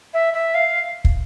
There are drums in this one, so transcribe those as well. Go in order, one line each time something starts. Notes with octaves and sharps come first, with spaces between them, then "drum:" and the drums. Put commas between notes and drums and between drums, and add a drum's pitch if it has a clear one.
E5
E5
F5
drum: kick